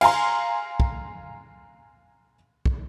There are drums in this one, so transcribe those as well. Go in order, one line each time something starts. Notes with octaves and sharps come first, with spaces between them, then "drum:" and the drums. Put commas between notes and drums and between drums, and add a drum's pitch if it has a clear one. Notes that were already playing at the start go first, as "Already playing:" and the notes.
F5 G#5 A#5 C6, drum: cymbal
drum: kick
drum: kick